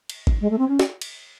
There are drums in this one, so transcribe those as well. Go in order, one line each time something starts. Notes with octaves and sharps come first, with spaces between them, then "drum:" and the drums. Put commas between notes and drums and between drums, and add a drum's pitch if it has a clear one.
drum: cymbal
drum: kick G#1
G#3
A3
C4
C#4
drum: snare
drum: cymbal